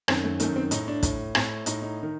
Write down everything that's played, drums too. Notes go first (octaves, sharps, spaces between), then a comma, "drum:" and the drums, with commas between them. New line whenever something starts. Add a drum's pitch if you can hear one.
F#2 D#3 C4, drum: rim click
A3
F#2 D#3 A3, drum: hi-hat
C4
A2 D#4, drum: hi-hat
D4
A2, drum: kick, hi-hat
A2 C4, drum: rim click
A2 D#4, drum: hi-hat
D#4
D#3